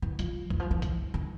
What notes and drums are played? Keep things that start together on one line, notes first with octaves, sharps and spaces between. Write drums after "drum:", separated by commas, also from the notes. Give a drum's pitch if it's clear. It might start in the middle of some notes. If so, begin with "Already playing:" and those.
E3
F3, drum: hi-hat
E3, drum: kick
F3
E3
drum: kick, hi-hat
D#3